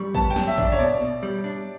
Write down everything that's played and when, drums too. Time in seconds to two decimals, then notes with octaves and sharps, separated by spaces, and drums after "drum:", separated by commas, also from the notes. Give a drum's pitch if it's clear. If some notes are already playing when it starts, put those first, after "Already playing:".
Already playing: G3 C#6
0.15 B3 A5, drum: kick A1
0.30 G5
0.36 F#2, drum: snare
0.47 E5
0.58 D4, drum: kick A1
0.63 D5
0.72 C#5
0.79 B2 D5
1.01 B2
1.23 G3
1.44 D4